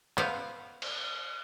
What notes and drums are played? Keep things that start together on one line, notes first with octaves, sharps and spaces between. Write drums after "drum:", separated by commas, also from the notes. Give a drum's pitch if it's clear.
B3 C5 F5, drum: clap
drum: cymbal